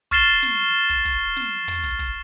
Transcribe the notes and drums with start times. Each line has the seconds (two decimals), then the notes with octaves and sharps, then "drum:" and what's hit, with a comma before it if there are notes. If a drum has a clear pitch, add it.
0.11 C#6 F6 A6 C7 E7 G7, drum: kick
0.43 drum: snare
0.90 drum: kick
1.05 drum: kick
1.37 drum: snare
1.68 drum: tom
1.83 drum: kick
1.99 drum: kick